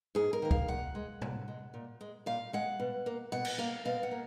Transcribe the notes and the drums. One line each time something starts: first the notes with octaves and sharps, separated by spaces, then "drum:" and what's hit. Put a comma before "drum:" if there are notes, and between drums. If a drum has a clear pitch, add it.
G#2 G#4
A#4
D#3 A#3
F5, drum: kick
A#2 F#5
G#3
A#2, drum: tom A2
G#3
A#2
G#3
A#2 F5
G#3 F#5
B2
A#3
B2 F#5
drum: cymbal
A#3 F5
B2 F5
F#5
A#3